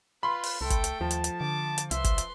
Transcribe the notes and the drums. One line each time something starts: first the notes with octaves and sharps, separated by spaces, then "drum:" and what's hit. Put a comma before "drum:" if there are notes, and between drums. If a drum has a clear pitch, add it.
F4 B4 B5 C6
drum: open hi-hat
C2 A3 A4 G5
drum: kick G1, hi-hat
drum: hi-hat
D#2 F3 A5
drum: hi-hat
drum: hi-hat
D3 D6
drum: hi-hat
C2 B4 E5 C6, drum: hi-hat
drum: kick G1, hi-hat
drum: hi-hat